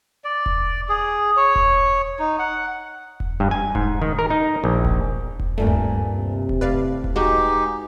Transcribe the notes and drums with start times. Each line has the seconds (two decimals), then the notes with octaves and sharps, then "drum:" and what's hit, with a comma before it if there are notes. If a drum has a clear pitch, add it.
0.24 D5
0.46 drum: kick E1
0.89 G#4
1.37 C#5
1.56 drum: kick E1
2.19 D#4
2.39 F#5
3.20 drum: kick E1
3.40 G2
3.51 G#5
3.75 G#2, drum: kick E1
4.02 D#3
4.19 A#4
4.30 D#4
4.64 A#1
4.85 drum: kick E1
5.40 drum: kick E1
5.58 G2 A#2 A3 C4 G#5
5.67 drum: tom D2
6.17 C3
6.49 drum: kick E1
6.61 A2 B4 D5 F5
7.04 drum: kick E1
7.16 G#3 D#4 F#4 G4 B4 F#5 G#5